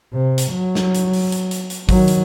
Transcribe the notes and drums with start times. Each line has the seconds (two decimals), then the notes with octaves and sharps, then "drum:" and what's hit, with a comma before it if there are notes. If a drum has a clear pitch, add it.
0.13 C3
0.38 drum: hi-hat
0.52 F#3
0.75 drum: snare
0.94 drum: hi-hat
1.13 drum: open hi-hat
1.32 drum: hi-hat
1.51 drum: hi-hat
1.70 drum: hi-hat
1.89 D#3 F#3, drum: kick, open hi-hat
2.08 drum: hi-hat